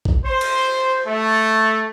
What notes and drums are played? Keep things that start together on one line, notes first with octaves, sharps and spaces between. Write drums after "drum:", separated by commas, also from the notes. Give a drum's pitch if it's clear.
drum: kick G#1
C5
drum: cymbal
A3